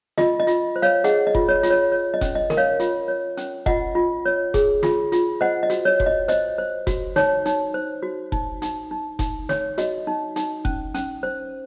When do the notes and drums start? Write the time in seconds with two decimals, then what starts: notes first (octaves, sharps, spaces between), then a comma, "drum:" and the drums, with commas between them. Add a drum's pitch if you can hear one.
0.18 F4 D#5, drum: snare
0.40 D#5
0.47 F4, drum: hi-hat
0.76 C5
0.82 C#5 F5
1.04 G#4 D#5 F#5, drum: hi-hat
1.27 D#5
1.35 F4, drum: kick F1
1.48 C#5
1.63 F4, drum: hi-hat
1.70 C#5
1.92 C#5
2.14 D#5
2.21 C#4, drum: kick F1, hi-hat
2.35 D#5
2.50 A#4, drum: snare
2.57 C#5 F5
2.80 F4, drum: hi-hat
3.08 C#5
3.37 C#4, drum: hi-hat
3.66 F4 D#5 F#5, drum: kick F1
3.95 F4
4.25 C#5
4.54 G#4, drum: kick F1, hi-hat
4.83 F4, drum: snare
5.12 F4, drum: hi-hat
5.41 C5 D#5 F#5
5.63 D#5
5.70 F#4, drum: hi-hat
5.85 C#5
6.00 F#4, drum: kick F1
6.06 D#5
6.28 C5 D#5, drum: hi-hat
6.58 C5
6.87 F#4, drum: kick F1, hi-hat
7.16 D#4 C#5, drum: snare
7.46 D#4, drum: hi-hat
7.74 C5
8.03 F#4
8.32 D#4, drum: kick F1
8.62 D#4, drum: hi-hat
8.91 D#4
9.19 D#4, drum: kick F1, hi-hat
9.49 C#5, drum: snare
9.78 F#4 D#5, drum: hi-hat
10.07 D#4
10.36 D#4, drum: hi-hat
10.65 C#4, drum: kick F1
10.95 C#4, drum: hi-hat
11.23 C5